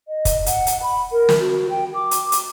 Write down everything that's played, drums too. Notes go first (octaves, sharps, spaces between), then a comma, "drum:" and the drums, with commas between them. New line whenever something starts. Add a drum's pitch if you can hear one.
D#5
drum: kick, hi-hat
F#5, drum: hi-hat
drum: hi-hat
B5
A#4
drum: snare
F#4
G5
D6
drum: hi-hat
drum: hi-hat